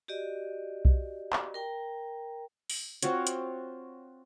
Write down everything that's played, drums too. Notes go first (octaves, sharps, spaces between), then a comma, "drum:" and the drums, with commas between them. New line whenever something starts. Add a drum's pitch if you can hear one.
F#4 G4 D5 D#5
drum: kick B1
drum: clap
A#4 G5 A#5
drum: open hi-hat
C4 F4 F#4 C#5, drum: hi-hat
drum: hi-hat